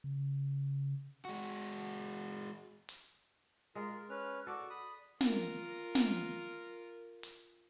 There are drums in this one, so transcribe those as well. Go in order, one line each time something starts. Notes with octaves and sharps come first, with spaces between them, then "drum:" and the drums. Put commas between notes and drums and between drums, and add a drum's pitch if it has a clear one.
C#3
G#3 F#4
drum: hi-hat
G#3 F4 A#4
C#4 B4 F6
F#4 A4 D5
B5 D#6
F4 A#4, drum: snare
drum: snare
drum: hi-hat